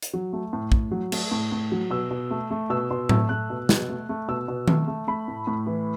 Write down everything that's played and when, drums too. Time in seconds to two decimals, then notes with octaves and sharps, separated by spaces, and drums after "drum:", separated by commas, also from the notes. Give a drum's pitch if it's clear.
0.02 drum: hi-hat
0.13 F#3
0.33 A3
0.53 A2
0.72 A2, drum: kick
0.91 F#3
1.12 A3, drum: cymbal
1.31 A2
1.52 A2
1.72 F#3
1.90 B2 E6
2.11 B2
2.31 A3
2.51 A3
2.70 B2 E6
2.90 B2 C6
3.09 A3 E6, drum: tom A2
3.29 A3 F#6
3.50 B2
3.69 B2, drum: snare
3.89 A3
4.09 A3
4.28 B2 E6
4.48 B2
4.68 A3, drum: tom D#3
4.87 A3
5.08 A3 B5
5.28 A2
5.47 A2
5.66 E3